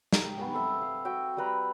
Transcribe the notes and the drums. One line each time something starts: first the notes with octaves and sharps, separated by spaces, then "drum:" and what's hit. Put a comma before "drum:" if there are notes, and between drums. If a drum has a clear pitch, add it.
G4 A#5, drum: snare
B3 G#5 C#6
C4 A4 E5
F5
F#4 E5 G5
G3 C4 B4 A#5